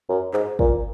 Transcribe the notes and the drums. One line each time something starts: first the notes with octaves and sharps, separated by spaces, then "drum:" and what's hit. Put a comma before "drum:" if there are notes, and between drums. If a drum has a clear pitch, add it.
F#2
G#2, drum: clap
A#2, drum: kick